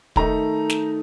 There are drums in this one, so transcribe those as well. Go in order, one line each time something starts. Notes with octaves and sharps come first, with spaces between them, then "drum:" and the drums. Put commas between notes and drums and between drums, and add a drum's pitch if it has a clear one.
D#3 A3 D#4 A#5, drum: kick
drum: snare